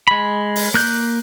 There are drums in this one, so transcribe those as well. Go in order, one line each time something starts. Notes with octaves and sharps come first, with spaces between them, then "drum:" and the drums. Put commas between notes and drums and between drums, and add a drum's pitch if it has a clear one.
G#3 B5
drum: open hi-hat
A#3 F#6 G6